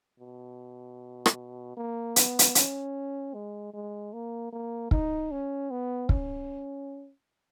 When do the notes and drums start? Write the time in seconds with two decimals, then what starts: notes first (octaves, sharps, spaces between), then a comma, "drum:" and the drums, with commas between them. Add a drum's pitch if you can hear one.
0.19 B2
1.26 drum: rim click
1.77 A#3
2.16 B3, drum: hi-hat
2.39 drum: hi-hat
2.55 C#4, drum: hi-hat
3.34 G#3
3.73 G#3
4.13 A#3
4.52 A#3
4.91 D#4, drum: kick
5.31 C#4
5.71 B3
6.09 C#4, drum: kick